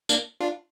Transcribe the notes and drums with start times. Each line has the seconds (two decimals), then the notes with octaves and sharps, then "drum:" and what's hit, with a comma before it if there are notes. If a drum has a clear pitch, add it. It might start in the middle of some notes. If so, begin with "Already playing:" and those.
0.09 A#3 D4, drum: tambourine
0.41 D4 F4